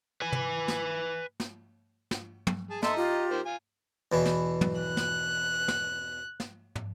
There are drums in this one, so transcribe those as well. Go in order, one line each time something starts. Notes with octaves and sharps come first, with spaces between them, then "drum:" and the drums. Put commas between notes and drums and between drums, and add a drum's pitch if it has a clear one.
B4 G#5
drum: tom
drum: snare
drum: snare
drum: snare
drum: tom
G#4 A5
A4 D#5 E5 A5 A#5 C6, drum: snare
F4 G4
D#3 A#3 C5
F4 G#5
E2 B2 E3
drum: snare
drum: tom
F#6
drum: snare
drum: snare
drum: snare
drum: tom